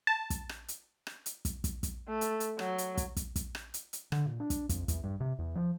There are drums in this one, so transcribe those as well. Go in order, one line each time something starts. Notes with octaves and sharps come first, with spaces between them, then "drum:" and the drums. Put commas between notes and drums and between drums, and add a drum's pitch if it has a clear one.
A5
drum: kick, hi-hat
drum: rim click
drum: hi-hat
drum: rim click
drum: hi-hat
drum: kick, hi-hat
drum: kick, hi-hat
drum: kick, hi-hat
A3
drum: hi-hat
drum: hi-hat
F#3, drum: rim click
drum: hi-hat
drum: kick, hi-hat
drum: kick, hi-hat
drum: kick, hi-hat
drum: rim click
drum: hi-hat
drum: hi-hat
D3, drum: rim click
A#2
D4
drum: kick, hi-hat
F2, drum: kick, hi-hat
E2, drum: kick, hi-hat
G2
C3
E2
F3